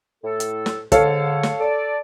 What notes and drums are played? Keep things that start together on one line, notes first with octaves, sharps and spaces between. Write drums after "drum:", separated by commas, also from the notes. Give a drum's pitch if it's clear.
A2 A4
drum: hi-hat
drum: snare
G#2 D3 A4 C#5 F5, drum: kick, hi-hat
drum: snare
A4 D5